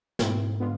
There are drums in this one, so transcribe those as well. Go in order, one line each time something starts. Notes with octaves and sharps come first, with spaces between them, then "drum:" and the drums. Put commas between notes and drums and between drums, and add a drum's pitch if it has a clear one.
G#2 B2 A3 C4 E4, drum: snare
D3 G#3 B3 F4